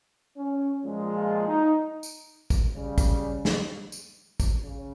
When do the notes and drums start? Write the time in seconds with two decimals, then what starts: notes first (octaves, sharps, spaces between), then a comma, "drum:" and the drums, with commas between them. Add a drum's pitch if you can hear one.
0.37 C#4
0.85 A#2 F3 G#3
1.16 F4
1.48 D#4
2.03 drum: tambourine
2.50 drum: kick, tambourine
2.74 C#3 G3
2.98 drum: kick, tambourine
3.45 drum: snare
3.92 drum: tambourine
4.40 drum: kick, tambourine
4.63 C#3